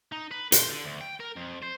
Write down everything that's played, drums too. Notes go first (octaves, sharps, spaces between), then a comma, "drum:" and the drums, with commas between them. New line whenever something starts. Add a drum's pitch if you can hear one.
D#4
B4
C5, drum: hi-hat
D3
D2
G5
A#4
F2
C5